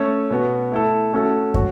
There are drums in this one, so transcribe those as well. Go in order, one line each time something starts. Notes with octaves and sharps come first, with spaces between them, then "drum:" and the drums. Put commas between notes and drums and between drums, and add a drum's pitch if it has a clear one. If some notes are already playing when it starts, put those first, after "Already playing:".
Already playing: A3 C#4 A4 C#5
B2 B3 F#4
A3 E4 A4
A3 C#4 F#4 A4
F#4 C#5, drum: kick